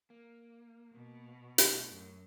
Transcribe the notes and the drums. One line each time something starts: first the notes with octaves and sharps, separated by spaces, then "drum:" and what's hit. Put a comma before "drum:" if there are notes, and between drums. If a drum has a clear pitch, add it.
A#3
B2
A2, drum: hi-hat
F#2